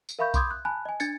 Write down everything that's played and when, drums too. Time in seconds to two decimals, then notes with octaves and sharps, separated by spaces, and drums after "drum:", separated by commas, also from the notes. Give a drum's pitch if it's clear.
0.09 drum: tambourine
0.19 A#4 E5 F5 B5 C#6 G6
0.34 B5 C6 D6 D#6 G6 G#6, drum: kick B1, tambourine
0.51 F#6
0.65 G#5 A5 B5 F#6
0.85 D#5 G#5
1.00 D4 G#6 A6 C#7, drum: tambourine